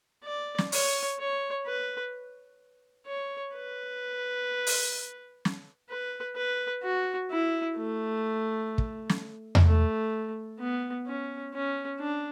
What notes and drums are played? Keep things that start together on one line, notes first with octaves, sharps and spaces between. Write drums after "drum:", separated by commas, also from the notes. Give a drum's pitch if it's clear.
D5
drum: snare
C#5, drum: open hi-hat
C#5
B4
C#5
B4
drum: open hi-hat
drum: snare
B4
B4
F#4
E4
A3
drum: kick
drum: snare
drum: tom E2
A3
B3
C#4
C#4
D4